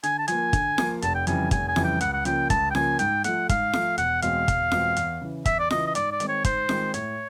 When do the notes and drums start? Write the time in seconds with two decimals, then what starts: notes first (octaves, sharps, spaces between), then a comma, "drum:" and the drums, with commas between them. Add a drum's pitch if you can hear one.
0.03 D3 G#5, drum: hi-hat
0.18 A5
0.28 F3 A#3 G#5, drum: hi-hat
0.53 D3, drum: kick, hi-hat
0.78 F3 A#3, drum: snare F4
1.02 F1 A5, drum: hi-hat
1.15 G5
1.27 F2 C#3 E3 G3 G#5, drum: hi-hat
1.51 F1 G#5, drum: kick, hi-hat
1.68 G#5
1.76 F2 C#3 E3 G3, drum: snare F4
1.84 G5
2.01 C#2 F#5, drum: hi-hat
2.14 F#5
2.25 C#3 F3 A#3 G5, drum: hi-hat
2.50 C#2 A5, drum: kick, hi-hat
2.71 G5
2.75 C#3 F3 A#3 G#5, drum: snare F4
2.99 G#2 G5, drum: hi-hat
3.24 F3 A3 F#5, drum: hi-hat
3.49 G#2 F5, drum: kick, hi-hat
3.73 F3 A3, drum: snare F4
3.98 E1 F#5, drum: hi-hat
4.22 E2 B2 G#3 C4 F5, drum: hi-hat
4.48 E1, drum: kick, hi-hat
4.72 E2 B2 G#3 C4, drum: snare F4
4.96 E2, drum: hi-hat
5.21 C#3 E3
5.45 E2 E5, drum: kick, hi-hat
5.59 D5
5.70 C#3 E3 D#5, drum: snare F4
5.87 D#5
5.95 G#2 D5, drum: hi-hat
6.12 D5
6.20 D#3 G#3 C4, drum: hi-hat
6.28 C#5
6.44 G#2 C5, drum: kick, hi-hat
6.69 D#3 G#3 C4, drum: snare F4
6.94 A2 C#5, drum: hi-hat